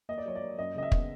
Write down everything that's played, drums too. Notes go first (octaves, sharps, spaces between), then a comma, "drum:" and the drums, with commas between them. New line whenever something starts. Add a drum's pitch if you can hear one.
A#3 D#5
D5
F#3 C#5
D5
A#3
F#2 D#5
C#3 D#5
E5
B3, drum: kick